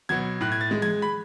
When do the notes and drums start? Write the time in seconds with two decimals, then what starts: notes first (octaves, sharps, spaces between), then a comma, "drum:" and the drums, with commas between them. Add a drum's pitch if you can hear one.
0.09 B2 F#3 G#6
0.41 A2 F#6
0.52 G#6
0.61 A6
0.71 G#3
0.82 G#6, drum: tom E3
1.02 B5